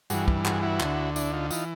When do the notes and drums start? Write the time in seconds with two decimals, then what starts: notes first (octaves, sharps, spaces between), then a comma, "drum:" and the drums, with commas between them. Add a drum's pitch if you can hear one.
0.10 G2 E3 F#4 G#4, drum: tambourine
0.28 drum: kick
0.45 F#4 G#4, drum: clap
0.62 E4 F#4
0.80 D2 D3, drum: clap
1.16 D4 E4, drum: tambourine
1.33 D#4 F4
1.51 E3 D#4 F4, drum: tambourine